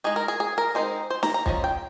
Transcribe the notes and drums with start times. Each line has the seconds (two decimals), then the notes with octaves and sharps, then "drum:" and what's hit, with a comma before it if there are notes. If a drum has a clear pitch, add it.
0.04 G#3 D#4 G#4
0.16 A#4
0.28 G#4
0.40 G#4
0.58 A#4
0.75 G#3 C4 D#4 C5
1.10 C5
1.23 A#5, drum: snare
1.34 A#5
1.46 F3 G#3 C#4, drum: kick
1.64 G5